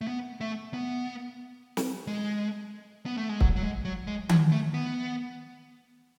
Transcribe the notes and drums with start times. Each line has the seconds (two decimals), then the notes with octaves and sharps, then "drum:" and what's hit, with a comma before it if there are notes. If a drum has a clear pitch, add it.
0.01 A3
0.07 B3
0.41 A3
0.74 B3
1.77 drum: snare
2.07 G#3
3.06 B3
3.17 A3
3.29 G#3
3.41 F#3, drum: kick
3.56 F#3
3.63 G#3
3.85 F#3
4.07 G#3
4.29 F#3, drum: tom D#3
4.52 A3
4.74 B3